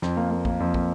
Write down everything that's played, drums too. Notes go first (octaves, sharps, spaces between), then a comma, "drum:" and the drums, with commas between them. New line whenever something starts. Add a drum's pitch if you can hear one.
F2, drum: snare
A#3
A#3
A#3, drum: kick
F2
A#3, drum: kick